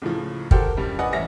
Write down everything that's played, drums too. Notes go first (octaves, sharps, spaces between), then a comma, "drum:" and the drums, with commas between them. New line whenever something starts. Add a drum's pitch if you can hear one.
C#2 A2 C#3 F3
F#4 G4 A4 A#4 C5 G5, drum: kick
G2 C#3 G3
B4 D5 D#5 F#5 G#5 D#6
A1 C#4 E5 A#6